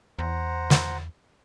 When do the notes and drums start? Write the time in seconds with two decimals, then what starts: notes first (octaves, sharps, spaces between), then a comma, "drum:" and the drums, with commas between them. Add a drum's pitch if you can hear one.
0.19 E2 C5 F#5 A#5
0.70 drum: snare